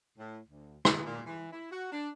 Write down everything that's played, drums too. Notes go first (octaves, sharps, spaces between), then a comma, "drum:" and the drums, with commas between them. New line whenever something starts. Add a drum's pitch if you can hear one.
A2
D2
E3, drum: rim click
A#2
E3
E4
F#4
D4